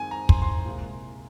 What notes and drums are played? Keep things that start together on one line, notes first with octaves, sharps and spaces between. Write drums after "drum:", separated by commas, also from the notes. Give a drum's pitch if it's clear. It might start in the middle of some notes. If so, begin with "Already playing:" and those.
Already playing: F#2 D#3 G#3 C4 G#5
A#5
C6, drum: kick
C6
C2 A#2 G#3